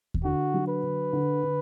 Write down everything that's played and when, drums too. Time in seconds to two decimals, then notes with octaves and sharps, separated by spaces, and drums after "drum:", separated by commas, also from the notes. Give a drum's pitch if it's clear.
0.14 drum: kick D#2
0.24 D3 F#4
0.54 F#3
0.68 B4
0.83 D3
1.13 D3
1.43 D3